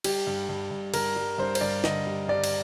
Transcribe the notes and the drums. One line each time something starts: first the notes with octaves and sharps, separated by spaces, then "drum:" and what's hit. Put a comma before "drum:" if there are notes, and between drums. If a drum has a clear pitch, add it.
G3 G4, drum: cymbal
G2
G2
G2
G2 A#4, drum: cymbal
G3
G2 C5
C5, drum: cymbal
G2 D5
D3 D#5, drum: snare
G3
G2 D5
drum: cymbal